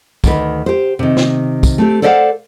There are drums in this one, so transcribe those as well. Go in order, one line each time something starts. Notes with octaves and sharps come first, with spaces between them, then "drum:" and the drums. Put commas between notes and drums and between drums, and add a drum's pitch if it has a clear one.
D2 D#3 B4, drum: kick, tambourine
G4 C5
C3 D#3
drum: snare
drum: kick, tambourine
A3 C4 G4
A4 C5 D5 D#5 F5 F#5